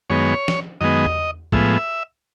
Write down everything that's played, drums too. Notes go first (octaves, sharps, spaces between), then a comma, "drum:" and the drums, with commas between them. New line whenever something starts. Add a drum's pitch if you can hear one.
F#2 D#3 G#3 B3 C#5
drum: snare
F#2 D#3 G#3 B3 D#5
drum: tom E2
A2 F3 G#3 B3 E5, drum: kick